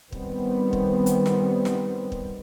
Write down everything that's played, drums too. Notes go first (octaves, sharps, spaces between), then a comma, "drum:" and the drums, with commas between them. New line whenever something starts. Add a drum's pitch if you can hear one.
D#3 G3 B3 C4, drum: kick
drum: kick
drum: hi-hat
drum: snare
drum: snare
drum: kick